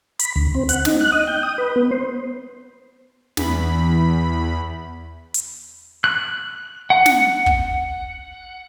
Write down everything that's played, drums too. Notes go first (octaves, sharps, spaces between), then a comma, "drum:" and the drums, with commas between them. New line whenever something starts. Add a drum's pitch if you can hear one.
B5, drum: hi-hat
D2
C4
F#5, drum: hi-hat
D#4, drum: snare
F#6
D#5
G5
D#6
B4
B3
C5
E2 B5, drum: snare
drum: hi-hat
F#6
F#5
drum: snare
drum: kick